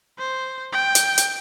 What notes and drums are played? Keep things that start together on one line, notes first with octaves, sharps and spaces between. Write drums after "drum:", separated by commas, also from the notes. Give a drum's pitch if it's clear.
C5
G5
drum: hi-hat
drum: hi-hat